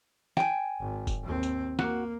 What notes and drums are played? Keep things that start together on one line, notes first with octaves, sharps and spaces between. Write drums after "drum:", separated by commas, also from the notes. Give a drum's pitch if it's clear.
G5 G#5, drum: snare
G#1
drum: kick, tambourine
D#2 C4
drum: tambourine
A#3 F#4, drum: snare